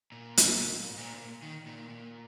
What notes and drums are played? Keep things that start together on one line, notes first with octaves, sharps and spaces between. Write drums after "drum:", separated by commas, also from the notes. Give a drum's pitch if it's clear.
A#2
drum: hi-hat
G#2
A#2
A#2
D#3
A#2
A#2
A#2